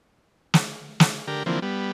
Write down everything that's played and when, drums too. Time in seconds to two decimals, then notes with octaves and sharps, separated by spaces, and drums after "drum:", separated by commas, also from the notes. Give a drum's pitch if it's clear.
0.54 drum: snare
1.00 drum: snare
1.27 D3 G4 A#4
1.46 D3 E3 F3 A#3 C4
1.62 G3 B3